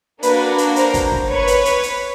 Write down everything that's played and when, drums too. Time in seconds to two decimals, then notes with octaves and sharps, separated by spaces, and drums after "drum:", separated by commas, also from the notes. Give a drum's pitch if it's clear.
0.23 A#3 D4 F#4 B4, drum: hi-hat
0.58 drum: hi-hat
0.76 A#4 C5, drum: hi-hat
0.94 drum: kick, hi-hat
1.12 drum: kick
1.30 B4 C#5
1.47 drum: hi-hat
1.65 drum: hi-hat
1.83 drum: hi-hat